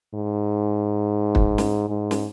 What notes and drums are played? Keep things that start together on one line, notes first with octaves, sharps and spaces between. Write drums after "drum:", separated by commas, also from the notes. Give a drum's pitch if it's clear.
G#2
drum: kick
drum: snare
G#2
drum: snare